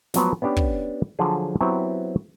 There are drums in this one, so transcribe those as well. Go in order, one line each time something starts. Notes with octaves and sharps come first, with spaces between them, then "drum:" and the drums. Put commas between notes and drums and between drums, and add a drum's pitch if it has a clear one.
F3 F#3 B3, drum: snare
B3 C#4 D4 G4
drum: kick
D3 F3 F#3 G#4
F#3 B3 C4 E4 G4